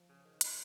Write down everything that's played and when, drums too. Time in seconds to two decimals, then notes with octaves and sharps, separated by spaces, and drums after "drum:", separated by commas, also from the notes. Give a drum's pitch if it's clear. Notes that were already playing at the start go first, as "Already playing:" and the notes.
Already playing: F3
0.09 C#3
0.25 D#3
0.41 drum: hi-hat